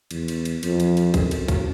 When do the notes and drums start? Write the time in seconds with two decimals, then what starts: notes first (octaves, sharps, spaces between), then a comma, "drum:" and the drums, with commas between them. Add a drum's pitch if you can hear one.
0.11 E2, drum: cymbal
0.28 drum: cymbal
0.45 drum: cymbal
0.63 F2, drum: cymbal
0.80 drum: cymbal
0.97 drum: cymbal
1.14 F#2, drum: kick, cymbal
1.31 drum: cymbal
1.48 drum: kick, cymbal